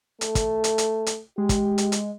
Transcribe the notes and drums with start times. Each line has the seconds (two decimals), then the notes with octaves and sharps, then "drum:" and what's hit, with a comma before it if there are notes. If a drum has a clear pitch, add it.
0.21 A3, drum: hi-hat
0.35 drum: kick, hi-hat
0.64 drum: hi-hat
0.78 drum: hi-hat
1.06 drum: hi-hat
1.38 G#3 G4
1.49 drum: kick, hi-hat
1.78 drum: hi-hat
1.92 drum: hi-hat